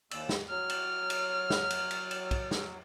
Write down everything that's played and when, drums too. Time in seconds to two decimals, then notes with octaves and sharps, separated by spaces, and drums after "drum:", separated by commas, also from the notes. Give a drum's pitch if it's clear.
0.11 D#2 E6, drum: cymbal
0.29 drum: snare
0.49 F#3 F6
0.70 drum: cymbal
1.10 drum: cymbal
1.50 drum: snare
1.70 drum: cymbal
1.91 drum: cymbal
2.11 drum: cymbal
2.31 drum: kick, cymbal
2.51 drum: snare